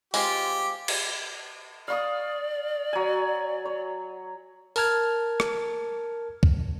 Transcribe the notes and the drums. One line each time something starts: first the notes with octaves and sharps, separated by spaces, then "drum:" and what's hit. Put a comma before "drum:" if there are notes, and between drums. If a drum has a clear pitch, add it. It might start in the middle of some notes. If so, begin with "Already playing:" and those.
G#3 C4 F4 G4, drum: open hi-hat
drum: cymbal
D5 F5 C#6 D#6
F#3 G#5
C#5
A#4 A5 F6 G#6, drum: open hi-hat
drum: rim click
drum: kick C2